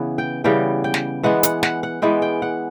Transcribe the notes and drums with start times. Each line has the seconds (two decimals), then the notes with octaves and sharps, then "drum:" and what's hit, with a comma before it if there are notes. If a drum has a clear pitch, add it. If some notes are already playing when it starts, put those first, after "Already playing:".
Already playing: C#3 E3 B3
0.18 G5
0.44 C#3 E3 G3 B3 G5
0.84 G5
0.94 drum: snare
1.23 E3 G#3 B3 F#5
1.43 F#5, drum: hi-hat
1.63 F#5, drum: snare
1.83 F#5
2.02 E3 G#3 B3 G5
2.22 G5
2.42 F#5